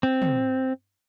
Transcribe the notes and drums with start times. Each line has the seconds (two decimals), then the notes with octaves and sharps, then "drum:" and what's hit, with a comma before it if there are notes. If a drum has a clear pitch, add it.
0.03 C4
0.22 drum: tom